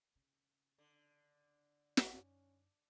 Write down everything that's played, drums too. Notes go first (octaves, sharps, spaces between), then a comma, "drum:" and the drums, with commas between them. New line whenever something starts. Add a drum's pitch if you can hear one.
C#3
D3
drum: snare
F#2 C#4 D#4